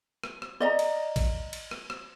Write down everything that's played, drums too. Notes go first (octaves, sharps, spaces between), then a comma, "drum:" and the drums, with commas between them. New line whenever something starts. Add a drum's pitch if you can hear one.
drum: rim click
drum: rim click
D5 D#5 A#5
drum: cymbal
drum: kick A1, cymbal
drum: cymbal
drum: rim click
drum: rim click